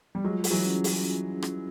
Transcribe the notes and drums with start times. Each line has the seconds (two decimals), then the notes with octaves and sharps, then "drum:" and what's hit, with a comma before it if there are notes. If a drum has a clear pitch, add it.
0.15 G3
0.24 F#3 G#3 F4
0.44 G#4, drum: open hi-hat
0.50 E3 F#3
0.64 C#4
0.84 C#4, drum: open hi-hat
1.04 C#4
1.23 F4
1.42 C#4, drum: rim click